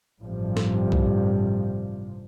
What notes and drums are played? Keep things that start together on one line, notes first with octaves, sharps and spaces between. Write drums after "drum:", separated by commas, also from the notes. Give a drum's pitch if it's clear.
A1 G2 C3 F3 G3
drum: snare
drum: kick B1